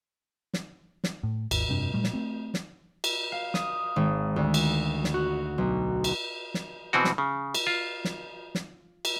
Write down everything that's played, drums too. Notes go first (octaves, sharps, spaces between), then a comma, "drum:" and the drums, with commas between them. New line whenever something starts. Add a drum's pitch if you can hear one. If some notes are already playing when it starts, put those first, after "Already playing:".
drum: snare
drum: snare
A2
G#1 D#2, drum: cymbal
F1 G2 C3 D4
A#2 G3 A3
drum: snare
A3 C4
drum: snare
drum: cymbal
F5
D#6, drum: snare
G#1
D2
drum: cymbal
drum: snare
F#4
B1
drum: cymbal
drum: snare
B2 E3 C4 F#4
drum: snare
C#3
drum: cymbal
F4
drum: snare
drum: snare
drum: cymbal